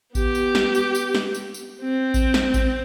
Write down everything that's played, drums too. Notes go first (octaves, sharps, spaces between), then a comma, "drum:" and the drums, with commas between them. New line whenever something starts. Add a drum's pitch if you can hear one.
B3 G4, drum: kick A1, tambourine
drum: tambourine
drum: snare
drum: tambourine
drum: tambourine
drum: snare
drum: tambourine
drum: tambourine
C4
drum: kick A1, tambourine
drum: snare
drum: kick A1, tambourine